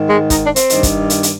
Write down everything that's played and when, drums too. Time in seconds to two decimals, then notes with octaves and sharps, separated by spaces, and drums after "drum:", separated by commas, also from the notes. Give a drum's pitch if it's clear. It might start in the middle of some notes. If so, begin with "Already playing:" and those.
Already playing: G#2 D#3
0.10 G#3
0.30 D#4, drum: kick, hi-hat
0.43 D4
0.56 C4, drum: hi-hat
0.70 G2 D#3, drum: hi-hat
0.83 drum: kick, hi-hat
1.10 drum: hi-hat
1.23 drum: hi-hat